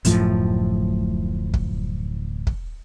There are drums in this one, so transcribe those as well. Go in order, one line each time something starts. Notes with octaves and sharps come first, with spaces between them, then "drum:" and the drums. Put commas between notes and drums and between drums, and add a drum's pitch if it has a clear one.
D1 F#2 A2 F3, drum: hi-hat
drum: kick
drum: kick